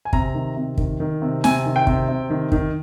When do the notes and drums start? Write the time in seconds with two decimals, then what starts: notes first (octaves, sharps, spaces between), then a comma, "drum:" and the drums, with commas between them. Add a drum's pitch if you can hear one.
0.05 G#5
0.13 C3 A#5, drum: kick
0.34 D#3
0.56 C3
0.78 D#3, drum: kick
1.00 D#3
1.22 C3
1.44 C3 G#5, drum: snare
1.65 D#3
1.76 G5
1.87 C3, drum: kick
2.09 C3
2.30 D#3
2.52 D#3, drum: kick